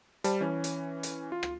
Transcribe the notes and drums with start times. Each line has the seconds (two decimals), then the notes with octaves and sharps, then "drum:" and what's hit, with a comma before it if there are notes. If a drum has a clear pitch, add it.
0.24 G3 C5 A5, drum: hi-hat
0.41 E3 C#4
0.64 drum: hi-hat
1.03 drum: hi-hat
1.32 F4
1.43 drum: rim click